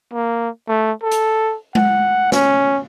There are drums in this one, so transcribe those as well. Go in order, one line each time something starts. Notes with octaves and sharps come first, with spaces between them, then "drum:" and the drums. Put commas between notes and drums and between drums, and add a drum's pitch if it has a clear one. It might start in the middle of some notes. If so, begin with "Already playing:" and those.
A#3
A3
A4
drum: hi-hat
F#5, drum: tom G#3
C#4, drum: snare